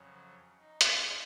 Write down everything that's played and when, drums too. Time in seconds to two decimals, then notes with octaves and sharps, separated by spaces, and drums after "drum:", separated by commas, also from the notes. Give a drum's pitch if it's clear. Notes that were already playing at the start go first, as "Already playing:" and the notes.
Already playing: F2 C#3 F#3 C#5
0.60 D#4
0.81 drum: hi-hat